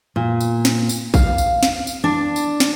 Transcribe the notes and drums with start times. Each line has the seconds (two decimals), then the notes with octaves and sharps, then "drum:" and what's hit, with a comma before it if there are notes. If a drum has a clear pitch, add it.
0.16 A#2
0.40 drum: tambourine
0.65 drum: snare
0.89 drum: tambourine
1.14 F5, drum: kick A#1, tambourine
1.38 drum: tambourine
1.63 drum: snare
1.87 drum: tambourine
2.04 D4
2.36 drum: tambourine
2.60 drum: snare